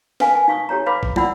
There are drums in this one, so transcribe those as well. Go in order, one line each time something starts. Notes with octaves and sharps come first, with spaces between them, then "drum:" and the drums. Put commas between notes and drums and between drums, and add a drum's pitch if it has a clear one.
A#4 B4 F5 G#5, drum: snare
G#5
D#4 F5 C#6 D#6
G4 A4 C#5 A#5
A4 B4 F5 B5 D6
drum: kick A#1
E4 F4 D5 F#5 B5 E6, drum: tom